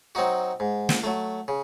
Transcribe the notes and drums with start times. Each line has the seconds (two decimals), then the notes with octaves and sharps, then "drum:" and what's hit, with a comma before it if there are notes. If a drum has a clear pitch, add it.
0.15 F#3 C4 D#4 F#4
0.60 G#2
0.89 drum: snare
1.03 F#3 A3
1.48 C#3